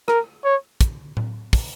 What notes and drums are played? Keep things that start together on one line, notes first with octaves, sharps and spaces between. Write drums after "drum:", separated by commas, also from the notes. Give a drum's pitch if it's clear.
A#4, drum: rim click
C#5
drum: kick, hi-hat
drum: tom A2
drum: kick, open hi-hat